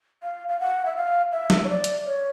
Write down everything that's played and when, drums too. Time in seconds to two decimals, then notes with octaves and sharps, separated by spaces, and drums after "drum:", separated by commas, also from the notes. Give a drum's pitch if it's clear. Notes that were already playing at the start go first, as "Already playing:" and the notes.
0.23 F5
0.48 F5
0.60 F#5
0.85 E5
0.97 F5
1.32 E5
1.50 drum: snare
1.64 C#5
1.69 D5
1.84 drum: hi-hat
2.06 C#5